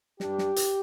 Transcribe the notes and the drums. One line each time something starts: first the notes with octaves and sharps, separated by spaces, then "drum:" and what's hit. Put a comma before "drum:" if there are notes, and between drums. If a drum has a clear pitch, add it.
G2 G3 D4 G4, drum: snare
drum: snare
drum: hi-hat